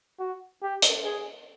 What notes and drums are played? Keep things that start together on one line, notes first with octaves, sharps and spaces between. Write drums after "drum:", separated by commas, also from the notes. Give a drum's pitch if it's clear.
F#4
G4
drum: hi-hat
G#4